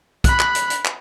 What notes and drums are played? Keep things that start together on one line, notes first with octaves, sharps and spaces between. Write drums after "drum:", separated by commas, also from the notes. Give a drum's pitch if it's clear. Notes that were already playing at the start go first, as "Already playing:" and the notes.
B5 F#6, drum: kick, hi-hat
drum: clap
drum: hi-hat
drum: hi-hat
drum: clap